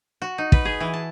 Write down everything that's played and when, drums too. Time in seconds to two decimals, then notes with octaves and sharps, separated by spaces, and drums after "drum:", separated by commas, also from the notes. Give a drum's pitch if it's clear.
0.22 F#4
0.38 D#4
0.52 B4, drum: kick
0.65 G#4
0.80 E3
0.93 A5